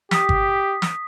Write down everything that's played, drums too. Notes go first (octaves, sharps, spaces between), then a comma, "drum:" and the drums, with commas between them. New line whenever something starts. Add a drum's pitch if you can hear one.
G4 D#6 B6, drum: snare
drum: kick G1
drum: snare